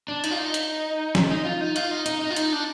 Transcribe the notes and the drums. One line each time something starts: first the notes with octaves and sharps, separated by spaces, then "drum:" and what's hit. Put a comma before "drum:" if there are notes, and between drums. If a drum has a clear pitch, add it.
D4
D#4, drum: hi-hat
F4
D#4
drum: hi-hat
drum: snare
D#4
F4
D#4
F4, drum: hi-hat
D#4
D#4, drum: hi-hat
D#4
F4
D#4, drum: hi-hat
D4